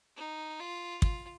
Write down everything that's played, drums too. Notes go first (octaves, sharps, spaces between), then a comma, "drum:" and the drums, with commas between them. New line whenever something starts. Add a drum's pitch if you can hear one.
D#4
F4
F4, drum: kick